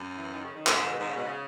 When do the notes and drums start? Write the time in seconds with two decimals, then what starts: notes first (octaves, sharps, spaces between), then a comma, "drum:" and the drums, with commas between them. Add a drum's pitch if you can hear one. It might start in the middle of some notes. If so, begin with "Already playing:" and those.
Already playing: F#2
0.16 E3
0.33 D#3
0.44 C#3
0.55 D#3
0.67 G#2 B2, drum: clap
0.75 C#3
0.84 D#3
0.91 B2
1.00 G#2 D#3
1.08 C#3
1.16 G#2 B2
1.25 C#3